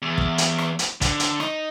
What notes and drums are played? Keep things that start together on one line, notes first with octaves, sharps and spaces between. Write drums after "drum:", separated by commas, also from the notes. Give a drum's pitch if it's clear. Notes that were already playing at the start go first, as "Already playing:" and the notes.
E2
drum: kick
drum: hi-hat
drum: rim click
drum: hi-hat
D3, drum: kick, hi-hat
drum: hi-hat
D#4, drum: rim click